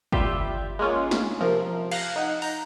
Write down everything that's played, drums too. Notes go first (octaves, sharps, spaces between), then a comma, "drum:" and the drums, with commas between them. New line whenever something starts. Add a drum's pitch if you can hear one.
G3 F4 G4 E5 G6, drum: kick G1
G#3 A#3 C#4 F4
drum: snare
C3 F3 A#4
F5 F#6 G6 A#6 C7, drum: cymbal
D#4 F#5
A#5 G6, drum: open hi-hat